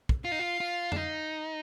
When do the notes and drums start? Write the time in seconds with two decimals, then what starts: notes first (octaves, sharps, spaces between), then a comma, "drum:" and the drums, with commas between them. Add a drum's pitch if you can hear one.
0.09 drum: kick
0.25 F4 F5
0.32 D#4
0.39 F4
0.60 F4
0.92 D4, drum: tom F2
0.96 D#4